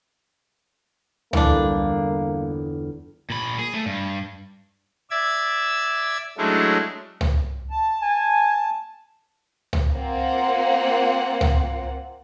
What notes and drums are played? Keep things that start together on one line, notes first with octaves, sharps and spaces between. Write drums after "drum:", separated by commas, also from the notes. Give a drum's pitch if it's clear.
G1 E2 E3 A#3 D4, drum: tom C#2
A#2 B5
G#4
A3
G2
D5 E5 E6 G#6
F#3 G#3 A3 C#4 D4 E4
drum: tom C#2
A5
G#5
drum: tom C#2
A#3 C4 F4 F#5
drum: tom C#2